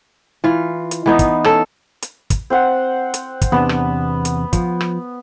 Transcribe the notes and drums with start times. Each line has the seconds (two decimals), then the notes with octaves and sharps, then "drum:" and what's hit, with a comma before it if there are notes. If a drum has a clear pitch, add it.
0.44 E3 F4
0.91 drum: hi-hat
1.06 E3 B3 D#4
1.19 drum: kick, hi-hat
1.44 C#4 A4, drum: rim click
2.02 drum: hi-hat
2.30 drum: kick, hi-hat
2.50 C4 C5 F#5
3.14 drum: hi-hat
3.41 drum: kick, hi-hat
3.52 E2 C3 B3 D4
3.69 drum: rim click
4.25 drum: hi-hat
4.53 F3, drum: kick, hi-hat
4.81 drum: rim click